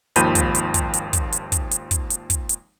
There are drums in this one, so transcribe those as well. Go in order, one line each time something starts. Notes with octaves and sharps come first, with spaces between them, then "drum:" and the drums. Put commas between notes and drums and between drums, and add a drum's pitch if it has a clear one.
G#1 D#2 F3 B5 G6 D#7, drum: hi-hat
drum: kick, hi-hat
drum: hi-hat
drum: kick, hi-hat
drum: hi-hat
drum: kick, hi-hat
drum: hi-hat
drum: kick, hi-hat
drum: hi-hat
drum: kick, hi-hat
drum: hi-hat
drum: kick, hi-hat
drum: hi-hat